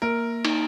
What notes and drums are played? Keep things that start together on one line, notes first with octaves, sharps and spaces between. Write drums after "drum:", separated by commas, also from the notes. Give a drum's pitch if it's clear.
A#3 A#4
D#4, drum: cymbal